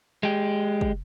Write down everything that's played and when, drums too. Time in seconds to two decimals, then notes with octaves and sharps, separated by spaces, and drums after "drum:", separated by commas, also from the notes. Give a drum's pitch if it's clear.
0.23 G#3 G4
0.81 drum: kick